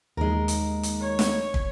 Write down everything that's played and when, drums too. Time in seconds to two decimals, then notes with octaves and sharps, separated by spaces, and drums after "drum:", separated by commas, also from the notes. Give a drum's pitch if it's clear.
0.17 D#2 G#3 D#4 A#4
0.48 drum: hi-hat
0.83 drum: hi-hat
1.01 C#5
1.19 drum: snare
1.54 drum: kick